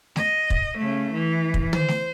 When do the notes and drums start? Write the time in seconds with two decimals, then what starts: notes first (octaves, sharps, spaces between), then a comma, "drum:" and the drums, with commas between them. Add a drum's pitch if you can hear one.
0.16 D#5, drum: snare A3
0.50 drum: kick
0.77 C#3 A3
1.13 E3
1.54 drum: kick
1.73 C5, drum: tom
1.88 drum: snare A3